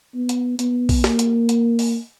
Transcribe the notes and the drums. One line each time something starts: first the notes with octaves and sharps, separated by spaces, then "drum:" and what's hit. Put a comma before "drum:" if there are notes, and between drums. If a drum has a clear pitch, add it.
B3
drum: hi-hat
B3, drum: hi-hat
drum: kick, open hi-hat
A#3, drum: snare
drum: hi-hat
drum: hi-hat
drum: open hi-hat